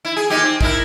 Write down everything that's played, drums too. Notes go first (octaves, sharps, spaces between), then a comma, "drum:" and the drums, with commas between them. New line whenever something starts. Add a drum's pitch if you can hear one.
E4
G#4
A#2 D#4 G4
C4
D#4 E4 A#4, drum: kick